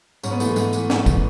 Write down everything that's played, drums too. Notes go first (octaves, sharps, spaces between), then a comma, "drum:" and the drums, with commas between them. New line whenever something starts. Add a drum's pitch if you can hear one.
G#2 C#4, drum: tambourine
B3
E3 A3, drum: tambourine
G#3 B3
G#2, drum: tambourine
E3, drum: tambourine
G#2, drum: snare
E3, drum: kick, tambourine